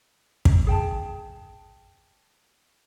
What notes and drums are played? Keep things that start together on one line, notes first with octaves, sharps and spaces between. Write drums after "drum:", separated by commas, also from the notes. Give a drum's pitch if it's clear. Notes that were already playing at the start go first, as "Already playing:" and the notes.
drum: kick
G#4 G5 A5